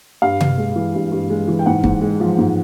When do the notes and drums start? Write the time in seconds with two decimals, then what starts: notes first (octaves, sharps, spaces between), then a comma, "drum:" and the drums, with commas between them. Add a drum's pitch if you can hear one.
0.22 G2 F5
0.40 G2, drum: tom C3
0.58 G#3
0.76 E3
0.94 G2
1.12 G2
1.30 G#3
1.48 E3
1.59 G5
1.66 G#2 F#5
1.84 G#2, drum: kick
2.01 G#3
2.20 F3
2.38 G#2